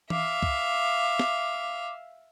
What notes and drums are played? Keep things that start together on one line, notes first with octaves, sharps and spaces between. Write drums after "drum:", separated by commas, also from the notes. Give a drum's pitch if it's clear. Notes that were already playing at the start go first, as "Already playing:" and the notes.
E5 F5 D6, drum: tom E3
drum: kick
drum: snare